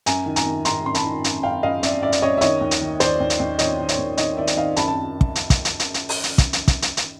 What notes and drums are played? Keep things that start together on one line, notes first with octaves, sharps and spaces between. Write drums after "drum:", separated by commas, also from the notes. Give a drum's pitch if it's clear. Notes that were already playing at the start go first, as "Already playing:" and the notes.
F#2 G#5 A#5, drum: hi-hat
D#3
G#5 A#5, drum: hi-hat
D#3
D#3 A#5 C6, drum: hi-hat
F#2 C6
A5 B5, drum: hi-hat
D#3
F#2, drum: hi-hat
F#2 F5 G5
F#2 D#5 F5
F#2 D5 E5, drum: hi-hat
F#2 D5 E5
drum: hi-hat
F#2 C#5 D#5
E5
D#3 C#5 D#5, drum: hi-hat
D#2
drum: hi-hat
D#3
D#2 C5 D5, drum: hi-hat
D#2
drum: hi-hat
D#2
D#3 C#5 D#5, drum: hi-hat
D#3
C#5 D#5, drum: hi-hat
D#2
D#3 C#5 D#5, drum: hi-hat
D#3 D5 E5
drum: hi-hat
D#3 D#5 F5
F#2 A5 B5, drum: hi-hat
A5
drum: kick
drum: hi-hat
drum: kick, hi-hat
drum: hi-hat
drum: hi-hat
drum: hi-hat
drum: open hi-hat
drum: hi-hat
drum: kick, hi-hat
drum: hi-hat
drum: kick, hi-hat
drum: hi-hat
drum: hi-hat